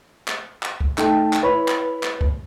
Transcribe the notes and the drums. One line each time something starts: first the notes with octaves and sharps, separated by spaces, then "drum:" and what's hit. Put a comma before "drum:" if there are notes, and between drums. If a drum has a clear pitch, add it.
drum: clap
drum: clap
drum: kick
A3 D#4 G5 A5, drum: clap
drum: clap
E4 B4 C#5 B5
drum: clap
drum: clap
drum: kick